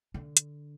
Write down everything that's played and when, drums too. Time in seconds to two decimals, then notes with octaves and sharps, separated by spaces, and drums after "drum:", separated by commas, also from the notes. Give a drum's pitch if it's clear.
0.14 D3
0.37 drum: hi-hat